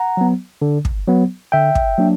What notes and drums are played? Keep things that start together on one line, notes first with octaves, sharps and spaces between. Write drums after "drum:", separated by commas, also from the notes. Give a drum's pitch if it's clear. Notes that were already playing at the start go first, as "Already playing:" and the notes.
Already playing: F#5 A#5
F#3 B3
D3
drum: kick
F#3 B3
D3 E5 G5
drum: kick
F#3 A#3 D4